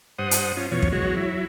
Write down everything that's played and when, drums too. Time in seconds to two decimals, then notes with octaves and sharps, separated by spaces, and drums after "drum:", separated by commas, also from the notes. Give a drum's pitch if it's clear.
0.19 G2 C5 F#5 D#6
0.31 drum: hi-hat
0.57 C#4 F4
0.71 E2 B2 F3 C#5
0.82 drum: kick
0.92 E2 F#3 G#3 F#4 C#5
1.17 F#3 E4